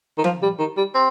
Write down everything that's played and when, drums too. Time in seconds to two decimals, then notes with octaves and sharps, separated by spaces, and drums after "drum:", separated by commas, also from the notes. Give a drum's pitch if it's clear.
0.18 D#3
0.24 F3, drum: tom F3
0.43 G3
0.59 D#3
0.77 G3
0.95 C4